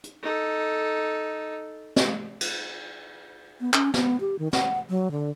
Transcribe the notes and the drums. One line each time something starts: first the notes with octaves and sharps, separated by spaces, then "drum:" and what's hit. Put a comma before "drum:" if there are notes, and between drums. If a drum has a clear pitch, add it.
drum: hi-hat
D#4 A4
drum: snare
drum: cymbal
B3
C#4, drum: clap
B3, drum: snare
G4
D#3
F#5, drum: snare
F#3
D3